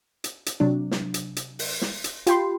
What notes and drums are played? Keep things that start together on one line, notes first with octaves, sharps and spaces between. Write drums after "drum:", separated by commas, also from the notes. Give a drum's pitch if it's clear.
drum: hi-hat
drum: hi-hat
C3 F#3 D4
drum: snare
drum: hi-hat
drum: hi-hat
drum: open hi-hat
drum: snare
drum: hi-hat
F4 G4 G5 B5 C6, drum: hi-hat